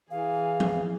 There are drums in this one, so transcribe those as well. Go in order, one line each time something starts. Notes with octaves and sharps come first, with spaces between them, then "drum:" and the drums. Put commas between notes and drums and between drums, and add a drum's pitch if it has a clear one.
E3 G#4 F5
drum: tom F3